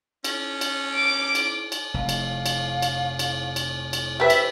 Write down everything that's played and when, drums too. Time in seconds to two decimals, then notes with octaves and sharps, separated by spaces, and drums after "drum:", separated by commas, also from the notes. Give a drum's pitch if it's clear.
0.24 C#4, drum: cymbal
0.61 drum: cymbal
0.95 D6
1.35 drum: cymbal
1.72 drum: cymbal
1.94 F1 F5
2.09 drum: cymbal
2.46 drum: cymbal
2.82 drum: cymbal
3.19 drum: cymbal
3.56 drum: cymbal
3.93 drum: cymbal
4.20 G4 B4 C5 E5
4.30 drum: cymbal